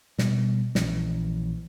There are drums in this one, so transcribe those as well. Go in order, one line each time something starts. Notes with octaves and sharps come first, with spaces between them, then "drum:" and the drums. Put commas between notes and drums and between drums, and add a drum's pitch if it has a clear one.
B2 G3, drum: snare
A#1 E3 C#4, drum: snare